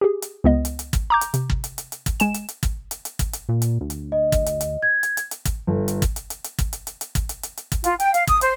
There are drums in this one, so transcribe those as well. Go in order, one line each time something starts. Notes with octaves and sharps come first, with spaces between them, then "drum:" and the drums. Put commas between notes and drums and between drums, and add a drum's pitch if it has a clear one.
G4 G#4
drum: hi-hat
C#2 B3 D#5
drum: hi-hat
drum: hi-hat
drum: kick, hi-hat
A#5 D6 G6
drum: hi-hat
C3, drum: hi-hat
drum: kick
drum: hi-hat
drum: hi-hat
drum: hi-hat
drum: kick, hi-hat
G#3 G#5 E7, drum: hi-hat
drum: hi-hat
drum: hi-hat
drum: kick, hi-hat
drum: hi-hat
drum: hi-hat
drum: kick, hi-hat
drum: hi-hat
A#2
drum: hi-hat
D2
drum: hi-hat
D#5
drum: kick, hi-hat
drum: hi-hat
drum: hi-hat
G#6
drum: hi-hat
drum: hi-hat
drum: hi-hat
drum: kick, hi-hat
G1
drum: hi-hat
drum: kick, hi-hat
drum: hi-hat
drum: hi-hat
drum: hi-hat
drum: kick, hi-hat
drum: hi-hat
drum: hi-hat
drum: hi-hat
drum: kick, hi-hat
drum: hi-hat
drum: hi-hat
drum: hi-hat
drum: kick, hi-hat
F4, drum: hi-hat
G5, drum: hi-hat
F5, drum: hi-hat
D#6, drum: kick, hi-hat
C5, drum: hi-hat